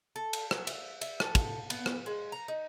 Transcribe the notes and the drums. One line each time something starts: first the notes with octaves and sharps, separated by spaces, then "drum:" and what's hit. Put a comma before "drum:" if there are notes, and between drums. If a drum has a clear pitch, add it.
A4
drum: cymbal
F#3, drum: rim click
E5, drum: cymbal
E5, drum: cymbal
A4, drum: rim click
drum: kick, cymbal
B3, drum: cymbal
drum: rim click
G#3
A#5
D#4